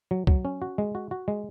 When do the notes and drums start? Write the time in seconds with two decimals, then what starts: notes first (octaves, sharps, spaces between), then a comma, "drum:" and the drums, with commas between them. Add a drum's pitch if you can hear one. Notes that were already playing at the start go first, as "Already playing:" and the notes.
0.11 F#3
0.27 F#3, drum: kick C2
0.45 C#4
0.62 F#4
0.78 G#3
0.95 F#4
1.11 F#4
1.28 G#3